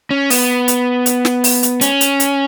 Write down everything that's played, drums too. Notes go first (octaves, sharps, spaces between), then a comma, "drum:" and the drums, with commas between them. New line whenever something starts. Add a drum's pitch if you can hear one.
C#4
B3, drum: open hi-hat
drum: hi-hat
drum: hi-hat
drum: snare
drum: open hi-hat
drum: hi-hat
C#4, drum: hi-hat
drum: hi-hat
drum: hi-hat